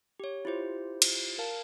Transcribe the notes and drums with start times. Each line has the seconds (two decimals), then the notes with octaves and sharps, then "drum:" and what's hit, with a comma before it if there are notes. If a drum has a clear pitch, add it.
0.20 G4 C#5
0.45 E4 F4 G4 C5
1.02 drum: cymbal
1.38 A#4 F5 A5